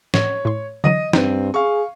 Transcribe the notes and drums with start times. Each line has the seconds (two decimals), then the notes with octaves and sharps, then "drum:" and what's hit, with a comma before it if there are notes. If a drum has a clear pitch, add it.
0.14 A2 C#5, drum: snare
0.45 A2 C6
0.84 D3 E3 F#3 D#5 D#7
1.13 G2 C4 D#4 B4, drum: snare
1.54 G#4 F5 C#6